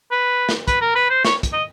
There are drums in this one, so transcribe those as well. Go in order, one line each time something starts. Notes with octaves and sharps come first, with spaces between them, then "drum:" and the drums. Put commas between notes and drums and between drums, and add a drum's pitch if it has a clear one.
B4
drum: snare
B4, drum: kick, hi-hat
A#4
B4
C5
C#5, drum: snare
drum: kick, hi-hat
D#5